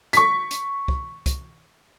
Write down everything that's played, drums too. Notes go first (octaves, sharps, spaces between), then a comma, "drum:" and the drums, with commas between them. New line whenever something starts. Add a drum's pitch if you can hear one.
C#6 B6, drum: hi-hat
drum: hi-hat
drum: kick
drum: kick, hi-hat